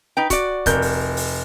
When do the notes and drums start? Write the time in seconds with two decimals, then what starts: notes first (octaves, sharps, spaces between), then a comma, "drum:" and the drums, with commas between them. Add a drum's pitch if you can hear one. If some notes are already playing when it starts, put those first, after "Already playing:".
0.17 D#4 B4 G5
0.30 F#4 D5, drum: kick C#1, hi-hat
0.66 F1 A#4 G6, drum: kick C#1, hi-hat
0.82 drum: open hi-hat
1.17 drum: open hi-hat